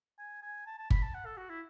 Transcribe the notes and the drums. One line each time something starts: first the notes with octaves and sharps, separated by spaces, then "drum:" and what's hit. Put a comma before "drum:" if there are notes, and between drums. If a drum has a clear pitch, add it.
G#5
G#5
A5
A5
B5, drum: kick G1
A5
F#5
A4
F#4
E4